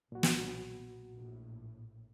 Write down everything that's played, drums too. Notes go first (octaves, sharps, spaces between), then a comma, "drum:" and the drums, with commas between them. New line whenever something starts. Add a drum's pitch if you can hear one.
B1 A#2 F#3 B3 F#4
drum: snare
A#1 A2